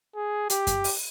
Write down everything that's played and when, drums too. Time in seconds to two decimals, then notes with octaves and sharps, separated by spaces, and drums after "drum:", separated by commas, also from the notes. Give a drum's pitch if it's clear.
0.16 G#4
0.50 G4, drum: hi-hat
0.67 drum: kick F#2, hi-hat
0.84 drum: open hi-hat